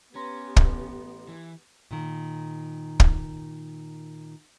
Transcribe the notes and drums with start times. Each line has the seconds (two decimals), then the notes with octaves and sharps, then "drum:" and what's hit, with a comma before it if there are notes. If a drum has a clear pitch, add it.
0.15 B3 C#4 G4 A#5 C6 A#6
0.56 A1, drum: kick
1.29 E3
1.91 A#2 D#3
3.00 drum: kick